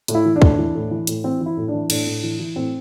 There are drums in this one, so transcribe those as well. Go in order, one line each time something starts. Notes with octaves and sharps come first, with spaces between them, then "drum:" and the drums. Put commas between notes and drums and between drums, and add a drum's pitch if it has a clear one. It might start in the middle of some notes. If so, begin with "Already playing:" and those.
A2, drum: hi-hat
E4
E3
D4
A2, drum: kick
E3
A2
E3
A2, drum: hi-hat
E3 C4
E3
E4
A2
E3 D4
A2 D4, drum: cymbal
A2
E3
E3
A2 C4